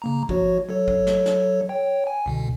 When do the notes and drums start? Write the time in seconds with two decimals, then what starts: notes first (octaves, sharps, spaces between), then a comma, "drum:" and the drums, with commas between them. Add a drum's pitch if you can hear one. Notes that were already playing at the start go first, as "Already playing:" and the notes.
0.02 C#3 A#3 A#5
0.29 F3 F#4 C#5, drum: kick
0.69 F#3 A4 C#5
0.88 drum: kick
1.07 drum: snare
1.26 drum: snare
1.69 C#5 G5
2.07 G#5
2.26 C2 B2 D3